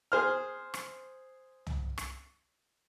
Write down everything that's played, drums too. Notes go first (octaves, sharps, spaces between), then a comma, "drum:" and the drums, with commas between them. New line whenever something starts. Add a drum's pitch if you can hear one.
G#4 C5 F6
drum: rim click
drum: tom
drum: rim click